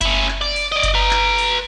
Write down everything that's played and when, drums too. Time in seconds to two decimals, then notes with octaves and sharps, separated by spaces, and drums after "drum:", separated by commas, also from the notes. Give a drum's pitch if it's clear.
0.01 C#4 E4, drum: kick F#1, hi-hat
0.28 drum: clap
0.41 D5
0.56 drum: open hi-hat
0.72 D5 D#5
0.83 drum: kick F#1, hi-hat
0.95 B4 A#5
1.11 drum: clap
1.38 drum: open hi-hat